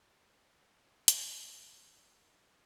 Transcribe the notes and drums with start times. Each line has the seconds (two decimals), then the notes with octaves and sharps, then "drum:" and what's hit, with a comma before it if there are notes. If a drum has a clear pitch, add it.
0.13 D3
0.63 A4
1.08 B3, drum: hi-hat
1.22 D#4
1.42 G#2
1.56 D2
1.74 F#2
1.98 A#4
2.52 C#4